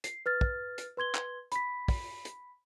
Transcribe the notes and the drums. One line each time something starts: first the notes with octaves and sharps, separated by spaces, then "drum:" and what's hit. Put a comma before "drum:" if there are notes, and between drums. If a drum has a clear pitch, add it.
C7, drum: hi-hat
B4 F6 A6
drum: kick
drum: hi-hat
B4 C6 G#6 G7
drum: clap
B5 B6, drum: hi-hat
drum: kick, open hi-hat
drum: hi-hat